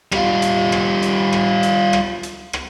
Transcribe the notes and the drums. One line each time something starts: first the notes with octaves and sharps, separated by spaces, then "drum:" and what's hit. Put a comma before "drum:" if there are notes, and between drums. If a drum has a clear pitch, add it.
G3 F4, drum: rim click
drum: hi-hat
drum: rim click
drum: hi-hat
drum: rim click
drum: hi-hat
drum: rim click
drum: hi-hat
drum: rim click